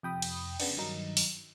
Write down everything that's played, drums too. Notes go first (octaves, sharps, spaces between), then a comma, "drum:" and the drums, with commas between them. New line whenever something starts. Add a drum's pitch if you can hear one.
F2 C3 G5 B5 D#6
drum: cymbal
C#3 B3 D4, drum: cymbal
G2 D#3 F#3 D#4
drum: open hi-hat